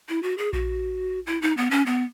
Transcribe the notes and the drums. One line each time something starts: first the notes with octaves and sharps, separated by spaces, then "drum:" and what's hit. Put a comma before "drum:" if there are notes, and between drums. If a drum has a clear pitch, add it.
E4
F#4
G#4
F#4, drum: kick A#1
E4
D#4
B3
C#4
B3